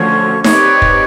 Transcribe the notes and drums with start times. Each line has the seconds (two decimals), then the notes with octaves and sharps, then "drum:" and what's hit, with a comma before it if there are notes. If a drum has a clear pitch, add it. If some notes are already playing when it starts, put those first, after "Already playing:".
Already playing: D3 F3 A3 C#4 F#4 C#5
0.44 C4 D#4 G4 B4 C#5 D5, drum: snare D#4
0.82 drum: kick